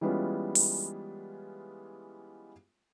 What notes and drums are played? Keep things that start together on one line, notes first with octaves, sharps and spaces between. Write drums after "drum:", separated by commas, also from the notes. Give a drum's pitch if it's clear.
E3 G3 G#3 B3 C#4 F4
drum: open hi-hat